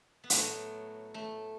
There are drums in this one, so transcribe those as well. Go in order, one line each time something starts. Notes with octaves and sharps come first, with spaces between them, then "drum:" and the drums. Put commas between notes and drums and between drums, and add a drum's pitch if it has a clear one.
B3
A2 F#3 A3, drum: hi-hat
A3